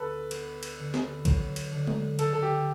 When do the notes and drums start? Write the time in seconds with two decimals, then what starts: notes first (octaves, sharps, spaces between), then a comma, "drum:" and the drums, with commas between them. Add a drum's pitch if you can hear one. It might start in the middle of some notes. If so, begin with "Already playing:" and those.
Already playing: D2 B3 A4 B4
0.31 B3, drum: cymbal
0.63 drum: cymbal
0.79 D3
0.94 drum: snare
1.25 F#3, drum: kick A#1, cymbal
1.56 drum: cymbal
1.72 D3
1.87 drum: tom G#3
2.19 D3 A4, drum: cymbal
2.33 A4
2.43 G4